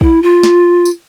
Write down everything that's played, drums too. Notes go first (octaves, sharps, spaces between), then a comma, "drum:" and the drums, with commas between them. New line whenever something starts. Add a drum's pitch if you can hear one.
E4, drum: kick
F4
drum: snare
drum: tambourine